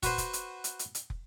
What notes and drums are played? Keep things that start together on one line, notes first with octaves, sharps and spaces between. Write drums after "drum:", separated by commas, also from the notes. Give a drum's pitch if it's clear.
F#4 B4 C5, drum: kick, hi-hat
drum: kick, hi-hat
drum: hi-hat
drum: hi-hat
drum: hi-hat
drum: hi-hat
drum: kick